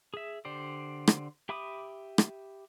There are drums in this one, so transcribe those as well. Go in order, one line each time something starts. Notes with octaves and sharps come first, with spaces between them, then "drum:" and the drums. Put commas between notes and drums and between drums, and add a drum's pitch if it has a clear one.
G#4 E5
D3 G4 C5 D5
drum: rim click
G4 E5 B5 D6 D#6
drum: rim click